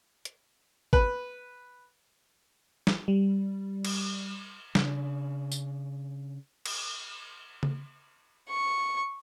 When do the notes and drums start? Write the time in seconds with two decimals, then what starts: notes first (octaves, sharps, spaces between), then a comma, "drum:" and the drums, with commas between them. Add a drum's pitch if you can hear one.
0.25 drum: hi-hat
0.93 B4, drum: kick G#1
2.87 drum: snare
3.08 G3
3.85 drum: cymbal
4.75 C#3 D4, drum: snare
5.52 drum: tambourine
6.66 drum: cymbal
7.63 drum: tom C#3
8.50 C#6